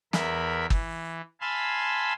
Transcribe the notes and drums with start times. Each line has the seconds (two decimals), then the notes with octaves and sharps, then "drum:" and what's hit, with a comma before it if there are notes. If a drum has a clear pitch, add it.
0.13 E2 A#4 E5 B5, drum: snare
0.70 E3, drum: kick G1
1.41 F5 G#5 A5 B5 C6 E6